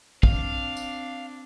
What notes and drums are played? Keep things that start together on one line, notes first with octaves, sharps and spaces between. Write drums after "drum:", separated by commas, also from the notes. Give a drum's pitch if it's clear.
C4 D4 F5, drum: kick
drum: tambourine